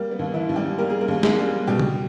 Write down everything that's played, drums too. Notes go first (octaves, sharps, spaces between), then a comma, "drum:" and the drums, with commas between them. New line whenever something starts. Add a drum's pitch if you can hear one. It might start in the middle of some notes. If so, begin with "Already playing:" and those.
Already playing: G3 A#3
B3
D#2
E3 E4
D#2
G3 G4
G3 A#4
G#4
A#3 A#4
D#2
G#3 G#4, drum: snare
G3
B2 G3 G4
drum: tom